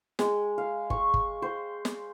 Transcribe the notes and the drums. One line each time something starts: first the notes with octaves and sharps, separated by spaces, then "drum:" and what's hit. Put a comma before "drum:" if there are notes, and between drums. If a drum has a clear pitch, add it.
G#3, drum: snare
F5
C#6, drum: kick G1
drum: kick G1
C5
drum: snare